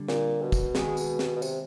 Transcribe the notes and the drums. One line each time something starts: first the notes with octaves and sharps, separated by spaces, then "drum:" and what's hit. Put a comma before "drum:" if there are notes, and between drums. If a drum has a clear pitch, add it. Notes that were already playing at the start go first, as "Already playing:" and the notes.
Already playing: D3 G3
A#2, drum: snare
B2
drum: kick, tambourine
D#3 G#3 B3 D#4 G#4, drum: snare
drum: tambourine
drum: snare
B2
C3, drum: tambourine